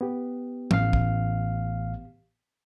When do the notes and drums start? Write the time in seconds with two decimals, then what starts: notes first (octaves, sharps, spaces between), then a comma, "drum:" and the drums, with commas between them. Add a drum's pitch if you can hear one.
0.01 B3 G4
0.71 A1 F5, drum: tom E3
0.93 drum: kick